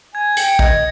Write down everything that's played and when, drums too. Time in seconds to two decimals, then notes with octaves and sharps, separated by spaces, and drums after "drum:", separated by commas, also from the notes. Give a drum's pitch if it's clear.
0.14 G#5 G#6
0.37 G5 C#7, drum: hi-hat
0.59 D#5 G#6, drum: kick